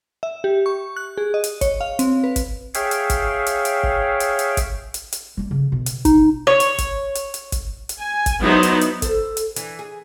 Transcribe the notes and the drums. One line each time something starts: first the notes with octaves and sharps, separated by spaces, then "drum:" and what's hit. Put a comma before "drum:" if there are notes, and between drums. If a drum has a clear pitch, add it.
E5
G4
C#6
F#6
G#4
D#5
drum: hi-hat
C#5, drum: kick, hi-hat
F5
C4, drum: hi-hat
B4
drum: kick, hi-hat
G#4 C#5 E5 F5 G5, drum: hi-hat
drum: hi-hat
drum: kick, hi-hat
drum: hi-hat
drum: hi-hat
drum: kick
drum: hi-hat
drum: hi-hat
drum: kick, hi-hat
drum: hi-hat
drum: hi-hat
G3 A3
C#3
B2
drum: hi-hat
D#4, drum: kick, hi-hat
C#5
drum: hi-hat
drum: kick, hi-hat
drum: hi-hat
drum: hi-hat
drum: kick, hi-hat
drum: hi-hat
G#5
drum: kick, hi-hat
F#3 B3 D#4 E4 C5
drum: hi-hat
drum: hi-hat
A4 C5, drum: kick, hi-hat
drum: hi-hat
E3 D4, drum: hi-hat
G#4